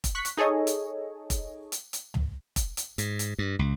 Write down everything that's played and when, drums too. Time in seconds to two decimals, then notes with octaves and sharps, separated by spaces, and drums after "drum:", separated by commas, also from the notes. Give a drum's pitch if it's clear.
0.04 drum: kick F1, hi-hat
0.15 C#6 F#6 B6
0.25 drum: hi-hat
0.37 D#4 G#4 A4 C#5 D#5
0.67 drum: hi-hat
1.30 drum: kick F1, hi-hat
1.72 drum: hi-hat
1.93 drum: hi-hat
2.14 drum: tom
2.56 drum: kick F1, hi-hat
2.77 drum: hi-hat
2.98 G#2, drum: hi-hat
3.19 drum: hi-hat
3.39 G2
3.59 C#2